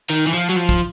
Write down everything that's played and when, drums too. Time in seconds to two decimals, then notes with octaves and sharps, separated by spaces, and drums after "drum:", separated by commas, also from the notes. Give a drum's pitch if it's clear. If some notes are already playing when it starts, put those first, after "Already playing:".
0.10 D#3
0.27 E3
0.34 F3
0.50 F#3
0.57 F3
0.69 drum: kick